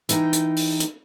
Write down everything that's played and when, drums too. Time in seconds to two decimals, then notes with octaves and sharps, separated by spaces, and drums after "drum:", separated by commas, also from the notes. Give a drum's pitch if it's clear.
0.09 E3 D#4 G5, drum: hi-hat
0.33 drum: hi-hat
0.56 drum: open hi-hat
0.80 drum: hi-hat